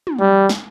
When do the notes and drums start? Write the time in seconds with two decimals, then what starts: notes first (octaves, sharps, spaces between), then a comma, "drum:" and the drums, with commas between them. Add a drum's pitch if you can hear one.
0.07 drum: tom
0.20 G3
0.49 drum: snare